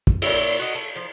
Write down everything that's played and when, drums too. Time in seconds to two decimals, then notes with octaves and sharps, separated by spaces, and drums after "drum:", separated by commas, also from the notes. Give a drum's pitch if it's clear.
0.07 drum: kick
0.22 A#2 C#5 E5, drum: cymbal
0.59 F#4 D#5
0.75 A3
0.96 F3